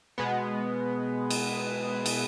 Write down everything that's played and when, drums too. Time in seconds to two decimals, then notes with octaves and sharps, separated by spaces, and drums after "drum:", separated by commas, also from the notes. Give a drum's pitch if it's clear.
0.18 B2 G#3 B3
1.30 drum: cymbal
2.06 drum: cymbal